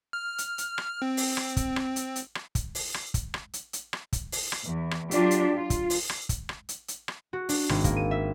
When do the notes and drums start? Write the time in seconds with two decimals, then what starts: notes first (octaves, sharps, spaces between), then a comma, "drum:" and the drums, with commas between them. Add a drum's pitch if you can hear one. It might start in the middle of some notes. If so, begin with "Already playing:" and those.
0.13 F6
0.38 drum: hi-hat
0.58 drum: hi-hat
0.78 drum: rim click
1.02 C4
1.17 drum: open hi-hat
1.37 drum: rim click
1.57 drum: kick, hi-hat
1.76 drum: rim click
1.96 drum: hi-hat
2.16 drum: hi-hat
2.35 drum: rim click
2.55 drum: kick, hi-hat
2.75 drum: open hi-hat
2.94 drum: rim click
3.14 drum: kick, hi-hat
3.34 drum: rim click
3.53 drum: hi-hat
3.73 drum: hi-hat
3.93 drum: rim click
4.13 drum: kick, hi-hat
4.32 drum: open hi-hat
4.52 drum: rim click
4.64 E2
4.91 drum: rim click
5.11 F#3 D4 F4 G4 D5, drum: hi-hat
5.31 drum: hi-hat
5.55 F4
5.70 drum: kick, hi-hat
5.90 drum: open hi-hat
6.10 drum: rim click
6.29 drum: kick, hi-hat
6.49 drum: rim click
6.69 drum: hi-hat
6.88 drum: hi-hat
7.08 drum: rim click
7.33 F#4
7.49 D4, drum: open hi-hat
7.69 G#1, drum: rim click
7.84 A#3, drum: kick, hi-hat
7.96 D#7
8.11 E5